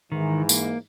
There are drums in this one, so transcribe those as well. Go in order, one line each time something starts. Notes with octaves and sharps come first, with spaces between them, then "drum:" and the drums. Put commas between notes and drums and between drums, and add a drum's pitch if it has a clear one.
G#2 D#3 E3
A#3, drum: tambourine